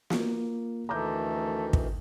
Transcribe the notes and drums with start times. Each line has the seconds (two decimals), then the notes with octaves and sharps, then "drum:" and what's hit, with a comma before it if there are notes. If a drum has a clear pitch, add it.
0.10 A#3 F4, drum: snare
0.89 D2 D#3 E3 A3 A#5 D6 G6
1.73 drum: kick